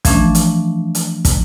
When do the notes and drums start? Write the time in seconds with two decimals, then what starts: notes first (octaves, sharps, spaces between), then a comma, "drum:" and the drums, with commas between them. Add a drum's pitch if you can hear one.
0.05 E3 F3 A3 C#4 D4, drum: kick, hi-hat
0.35 drum: hi-hat
0.95 drum: hi-hat
1.25 drum: kick, hi-hat